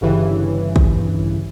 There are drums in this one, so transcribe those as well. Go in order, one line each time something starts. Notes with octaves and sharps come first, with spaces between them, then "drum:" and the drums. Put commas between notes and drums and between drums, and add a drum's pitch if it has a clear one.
G1 G2 C#3 E3
drum: kick